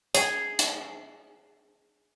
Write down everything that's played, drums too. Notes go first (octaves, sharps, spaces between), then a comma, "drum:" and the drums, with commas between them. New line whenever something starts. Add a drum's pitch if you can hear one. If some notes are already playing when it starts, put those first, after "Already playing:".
G#4 C#5 G5 G#5, drum: hi-hat
drum: hi-hat